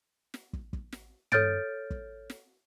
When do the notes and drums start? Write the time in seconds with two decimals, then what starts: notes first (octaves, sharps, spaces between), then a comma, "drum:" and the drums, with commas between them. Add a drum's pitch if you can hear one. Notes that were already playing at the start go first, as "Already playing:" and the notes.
0.34 drum: snare
0.53 drum: kick
0.73 drum: kick
0.93 drum: snare
1.32 A4 C#5 F6 G6 A6 D7, drum: tom
1.90 drum: kick
2.30 drum: snare